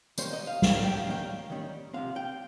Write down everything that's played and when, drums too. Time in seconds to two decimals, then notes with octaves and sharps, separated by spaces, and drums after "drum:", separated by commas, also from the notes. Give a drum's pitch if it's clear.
0.18 D#3 G3 A#3 C#4 C5, drum: tambourine
0.33 D#5
0.47 F5
0.62 D#3 G3 A#3 C#4 F5, drum: snare
0.84 G5
0.97 F5
1.06 D#3 G3 A#3 C#4 G5
1.50 D#3 G3 A#3 C#4
1.94 C3 F3 C4 F5
2.16 G5